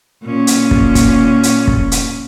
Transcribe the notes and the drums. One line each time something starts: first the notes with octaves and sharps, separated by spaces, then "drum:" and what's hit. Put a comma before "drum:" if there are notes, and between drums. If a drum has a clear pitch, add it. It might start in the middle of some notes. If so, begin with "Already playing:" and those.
A#2 C#4
drum: hi-hat
drum: kick
drum: kick, hi-hat
drum: hi-hat
drum: kick
drum: hi-hat